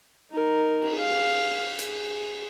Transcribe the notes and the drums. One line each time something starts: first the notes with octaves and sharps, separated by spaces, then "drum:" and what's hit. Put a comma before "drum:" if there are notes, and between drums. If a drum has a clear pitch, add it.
D#4 A#4
drum: cymbal
G#4 F5
drum: cymbal
G#4, drum: hi-hat